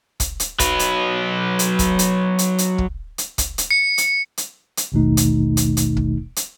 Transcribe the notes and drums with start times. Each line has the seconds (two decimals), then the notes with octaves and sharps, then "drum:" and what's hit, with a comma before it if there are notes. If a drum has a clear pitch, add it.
0.20 drum: kick, hi-hat
0.40 drum: hi-hat
0.59 F#3 B4, drum: kick, hi-hat
0.79 drum: hi-hat
1.59 drum: hi-hat
1.79 drum: kick, hi-hat
1.99 drum: hi-hat
2.39 drum: hi-hat
2.58 drum: hi-hat
2.78 drum: kick
3.18 drum: hi-hat
3.38 drum: kick, hi-hat
3.58 drum: hi-hat
3.71 C#7
3.98 drum: hi-hat
4.37 drum: hi-hat
4.77 drum: hi-hat
4.92 A1 D#2 B2 D#3 A3 D#4
5.17 drum: hi-hat
5.57 drum: hi-hat
5.77 drum: hi-hat
5.97 drum: kick
6.36 drum: hi-hat